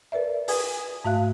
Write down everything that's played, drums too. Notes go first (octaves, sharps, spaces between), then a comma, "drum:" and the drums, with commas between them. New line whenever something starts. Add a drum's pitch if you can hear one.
A#4 B4 D5 E5
B4 G#5 D#6 G#6, drum: open hi-hat
G#2 A3 F#4 E5 F5 F#6